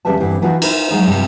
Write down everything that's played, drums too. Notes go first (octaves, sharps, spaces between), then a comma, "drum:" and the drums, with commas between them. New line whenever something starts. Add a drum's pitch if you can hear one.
E2 C#3 G3 B4 E5 A5
G2 D3 E3 G3 C4
E3 F3 D#4 F4 F#4
D#4 E4 A#4 C5, drum: cymbal
F3 F#3 G#3 D#4 D#5
G2 C3 D#3 F3